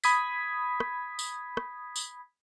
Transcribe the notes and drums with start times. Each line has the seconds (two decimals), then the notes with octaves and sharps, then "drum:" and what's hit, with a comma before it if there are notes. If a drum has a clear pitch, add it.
0.04 B5 D#6 G#6 B6, drum: tambourine
0.80 drum: rim click
1.19 drum: tambourine
1.57 drum: rim click
1.96 drum: tambourine